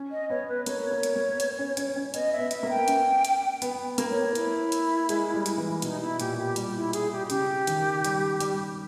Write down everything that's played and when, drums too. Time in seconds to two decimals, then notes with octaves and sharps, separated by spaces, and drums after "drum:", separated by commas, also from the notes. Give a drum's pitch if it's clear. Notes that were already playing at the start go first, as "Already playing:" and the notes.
Already playing: C#4
0.11 D#5
0.30 B3 C#5
0.48 B4
0.66 A#3 C#5, drum: hi-hat
0.91 A#3
1.03 drum: hi-hat
1.16 A#3
1.40 B3, drum: hi-hat
1.59 C#4
1.77 C#4, drum: hi-hat
1.96 C#4
2.14 B3 D#5, drum: hi-hat
2.32 E5
2.39 B3
2.51 E5, drum: hi-hat
2.63 A#3
2.69 G5
2.88 C#4, drum: hi-hat
3.25 drum: hi-hat
3.62 B3, drum: hi-hat
3.98 A#3, drum: hi-hat
4.10 C#5
4.35 E4, drum: hi-hat
4.72 drum: hi-hat
5.09 G#3, drum: hi-hat
5.34 G3
5.46 drum: hi-hat
5.58 E3
5.82 B2 D#4, drum: hi-hat
6.01 E4
6.20 A#2 G4, drum: hi-hat
6.38 G4
6.56 G3, drum: hi-hat
6.75 E4
6.93 G#4, drum: hi-hat
7.12 G4
7.25 E4
7.30 C#3 G4, drum: hi-hat
7.67 D#3, drum: hi-hat
8.04 G3, drum: hi-hat
8.40 G3, drum: hi-hat